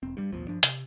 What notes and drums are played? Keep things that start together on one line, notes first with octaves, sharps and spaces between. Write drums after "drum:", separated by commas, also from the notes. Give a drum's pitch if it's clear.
E1 C4
G2 G3
A1 D#2 B2 F3
G2 F3 D4
C3, drum: hi-hat